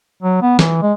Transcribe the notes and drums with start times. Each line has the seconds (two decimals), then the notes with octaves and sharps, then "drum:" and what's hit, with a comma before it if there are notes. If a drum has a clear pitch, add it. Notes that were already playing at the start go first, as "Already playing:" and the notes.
0.23 F#3
0.42 B3
0.59 E3, drum: snare
0.82 G#3